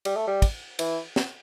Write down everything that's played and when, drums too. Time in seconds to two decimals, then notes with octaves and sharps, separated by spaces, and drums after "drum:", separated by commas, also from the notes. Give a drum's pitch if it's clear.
0.05 G3, drum: cymbal
0.16 A3
0.27 G3
0.42 drum: kick, cymbal
0.79 E3, drum: cymbal
1.16 drum: snare